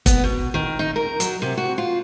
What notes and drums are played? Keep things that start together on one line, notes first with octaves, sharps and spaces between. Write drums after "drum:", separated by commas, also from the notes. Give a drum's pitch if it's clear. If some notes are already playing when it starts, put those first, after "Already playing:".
B3, drum: kick, hi-hat
B2
D#3
D#4
A#4
F#3, drum: hi-hat
C3
F#4
F4